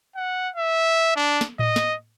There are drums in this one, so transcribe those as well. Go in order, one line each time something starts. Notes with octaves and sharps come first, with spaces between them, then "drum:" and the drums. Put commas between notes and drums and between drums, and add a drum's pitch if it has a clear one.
F#5
E5
D4
drum: snare
D#5, drum: tom A2
drum: snare